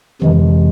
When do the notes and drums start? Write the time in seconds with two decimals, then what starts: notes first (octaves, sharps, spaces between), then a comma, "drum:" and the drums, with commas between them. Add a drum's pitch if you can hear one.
0.22 F2 C3 E3 G#3, drum: tom D3